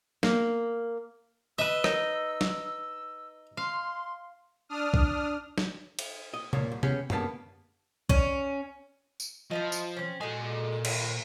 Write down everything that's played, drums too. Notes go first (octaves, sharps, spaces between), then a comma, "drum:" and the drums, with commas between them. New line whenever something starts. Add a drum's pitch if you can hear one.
A#3, drum: snare
B4 D#5 E5 E6
D#4, drum: rim click
drum: snare
F5 C6
D4 D#6 F6
drum: kick B1
drum: snare
drum: cymbal
D#5
F2 A#2 F3 C#5, drum: tom C3
C2
B3 C#4 G4 G#4, drum: tom C3
G2 C#3 A#3 B3 A5, drum: tom F#2
C#4, drum: kick B1
drum: tambourine
F3 E4 F4 D#5
drum: tambourine
C4 C#4
A#2 G#3 A3 F#4 G#5
D#3, drum: cymbal